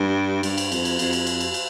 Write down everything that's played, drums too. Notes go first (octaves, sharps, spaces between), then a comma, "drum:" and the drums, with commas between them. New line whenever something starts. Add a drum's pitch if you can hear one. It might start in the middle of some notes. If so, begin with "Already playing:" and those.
Already playing: G2
G2, drum: cymbal
drum: cymbal
F2, drum: cymbal
drum: cymbal
F2, drum: cymbal
drum: cymbal
drum: cymbal
drum: cymbal
drum: cymbal